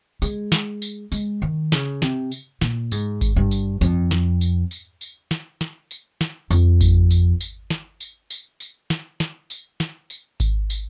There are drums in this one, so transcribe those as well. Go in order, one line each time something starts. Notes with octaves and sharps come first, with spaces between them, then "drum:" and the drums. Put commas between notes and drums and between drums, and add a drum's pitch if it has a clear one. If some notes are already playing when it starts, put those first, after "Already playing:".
G#3, drum: tambourine
drum: snare
drum: tambourine
G#3, drum: tambourine
D#3
C#3, drum: snare
C3, drum: snare
drum: tambourine
A#2, drum: snare
G#2, drum: tambourine
drum: kick G#1, tambourine
G2
drum: tambourine
F2, drum: tambourine
drum: snare
drum: tambourine
drum: tambourine
drum: tambourine
drum: snare
drum: snare
drum: tambourine
drum: snare
F2, drum: tambourine
drum: kick G#1, tambourine
drum: tambourine
drum: tambourine
drum: snare
drum: tambourine
drum: tambourine
drum: tambourine
drum: snare
drum: snare
drum: tambourine
drum: snare
drum: tambourine
drum: kick G#1, tambourine
drum: tambourine